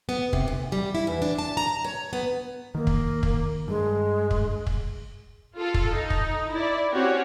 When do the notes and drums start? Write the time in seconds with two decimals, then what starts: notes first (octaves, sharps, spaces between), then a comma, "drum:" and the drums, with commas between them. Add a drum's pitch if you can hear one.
0.09 B3
0.33 C3, drum: kick
0.48 D2
0.72 G3
0.95 E4
1.07 E2
1.22 D4
1.38 A5
1.57 A#5
1.84 C#5
2.13 B3
2.75 D#3 A#3
2.87 drum: kick
3.23 drum: kick
3.68 G2 G#3
4.31 drum: kick
4.67 drum: kick
5.58 F4 A4
5.74 drum: kick
5.94 D#4
6.10 drum: kick
6.53 E4 D5
6.92 C4 C#4 F#4 G4 C#5